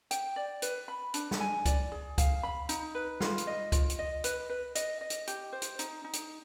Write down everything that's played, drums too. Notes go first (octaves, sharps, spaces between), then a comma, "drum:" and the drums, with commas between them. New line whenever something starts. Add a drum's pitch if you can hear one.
G5, drum: hi-hat
D5
B4, drum: hi-hat
B5
D4, drum: hi-hat
drum: snare
G#5
D5, drum: kick C#2, hi-hat
G#4
F5, drum: kick C#2, hi-hat
B5
D#4, drum: hi-hat
B4
F4, drum: snare
drum: hi-hat
D#5
F4, drum: kick C#2, hi-hat
drum: hi-hat
D#5
B4, drum: hi-hat
B4
D#5, drum: hi-hat
D#5
drum: hi-hat
G4, drum: hi-hat
C5
drum: hi-hat
D#4, drum: hi-hat
D#4
drum: hi-hat